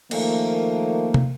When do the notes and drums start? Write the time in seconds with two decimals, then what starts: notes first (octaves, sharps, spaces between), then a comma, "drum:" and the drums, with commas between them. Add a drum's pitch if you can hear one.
0.11 D#3 F3 A3 A#3, drum: cymbal
1.14 drum: tom